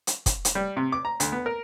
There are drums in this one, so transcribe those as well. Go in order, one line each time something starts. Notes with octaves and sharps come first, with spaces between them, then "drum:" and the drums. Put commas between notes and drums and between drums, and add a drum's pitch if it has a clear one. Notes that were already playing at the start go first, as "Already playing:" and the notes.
drum: hi-hat
drum: kick, hi-hat
drum: hi-hat
G3
C3
D6
A#5
D2, drum: hi-hat
B3
A#4